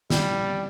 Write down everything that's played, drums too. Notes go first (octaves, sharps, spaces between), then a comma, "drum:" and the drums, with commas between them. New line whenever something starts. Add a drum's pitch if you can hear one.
G3, drum: snare